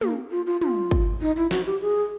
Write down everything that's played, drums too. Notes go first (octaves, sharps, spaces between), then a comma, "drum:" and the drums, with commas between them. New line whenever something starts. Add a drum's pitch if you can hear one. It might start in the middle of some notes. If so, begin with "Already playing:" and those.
A#3, drum: tom
F4
F4
F4, drum: tom
drum: kick
D#4
E4
F#4, drum: snare
G4
G#4